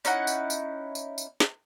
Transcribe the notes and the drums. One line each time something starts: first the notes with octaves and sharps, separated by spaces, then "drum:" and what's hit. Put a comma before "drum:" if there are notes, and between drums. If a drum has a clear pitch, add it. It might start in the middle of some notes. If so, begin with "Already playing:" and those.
C#4 D#4 E4 F#5, drum: tambourine
drum: tambourine
drum: tambourine
drum: tambourine
drum: tambourine
drum: snare